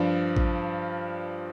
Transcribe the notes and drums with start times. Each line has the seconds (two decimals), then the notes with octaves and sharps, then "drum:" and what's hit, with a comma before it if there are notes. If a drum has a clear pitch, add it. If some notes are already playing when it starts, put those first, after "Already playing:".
Already playing: G2 F3 D4
0.37 drum: kick A1